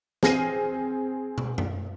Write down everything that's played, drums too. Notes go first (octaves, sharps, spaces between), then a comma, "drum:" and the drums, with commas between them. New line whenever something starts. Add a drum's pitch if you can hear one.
C4 G#4 F6 A#6 C7 D#7, drum: snare
drum: tom
drum: tom